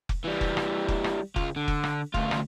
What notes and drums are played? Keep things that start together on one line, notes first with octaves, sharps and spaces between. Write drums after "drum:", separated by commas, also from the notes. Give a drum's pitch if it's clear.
drum: kick F1
E3 G3
drum: kick F1
drum: rim click
drum: kick F1
drum: rim click
C#2 F4, drum: kick F1
D3
drum: kick F1
drum: rim click
D2 F4, drum: kick F1
drum: rim click